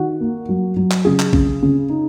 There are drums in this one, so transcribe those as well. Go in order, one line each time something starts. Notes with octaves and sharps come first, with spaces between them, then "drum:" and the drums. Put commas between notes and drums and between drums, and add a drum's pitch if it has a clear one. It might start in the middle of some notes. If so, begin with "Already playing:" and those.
Already playing: D#3 F#4
A#3
F#3
F#3
drum: clap
C#3 G#4
drum: clap
C#3, drum: kick A#1
C#3
D#4